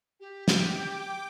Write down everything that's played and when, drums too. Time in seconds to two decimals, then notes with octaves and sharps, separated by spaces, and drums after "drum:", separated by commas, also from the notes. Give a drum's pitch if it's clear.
0.20 G4
0.48 drum: snare
0.58 G5 D6